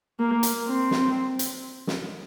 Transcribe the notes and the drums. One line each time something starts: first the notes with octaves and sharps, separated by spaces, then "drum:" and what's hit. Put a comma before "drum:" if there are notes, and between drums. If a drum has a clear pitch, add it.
A#3
drum: hi-hat
C4
drum: snare
drum: hi-hat
drum: snare